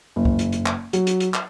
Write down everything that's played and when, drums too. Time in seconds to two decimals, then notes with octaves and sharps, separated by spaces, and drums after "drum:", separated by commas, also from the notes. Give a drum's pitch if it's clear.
0.16 F#1
0.25 drum: kick
0.39 drum: hi-hat
0.52 drum: hi-hat
0.66 drum: clap
0.93 F#3, drum: hi-hat
1.07 drum: hi-hat
1.20 drum: hi-hat
1.34 drum: clap